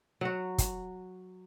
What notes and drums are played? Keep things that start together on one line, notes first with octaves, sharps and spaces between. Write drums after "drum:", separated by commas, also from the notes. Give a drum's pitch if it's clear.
F#3 F#4
drum: kick, hi-hat